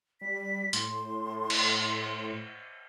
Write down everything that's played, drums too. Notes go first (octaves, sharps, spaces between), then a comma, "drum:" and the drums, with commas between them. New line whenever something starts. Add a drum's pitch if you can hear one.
G3 B6
A2 C6, drum: hi-hat
drum: cymbal